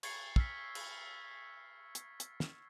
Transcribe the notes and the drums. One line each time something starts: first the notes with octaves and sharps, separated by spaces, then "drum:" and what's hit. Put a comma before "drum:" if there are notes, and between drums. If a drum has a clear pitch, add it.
C#6 G#6 A6 C7 C#7, drum: cymbal
E6 F6 B6, drum: kick
drum: cymbal
drum: hi-hat
drum: hi-hat
drum: snare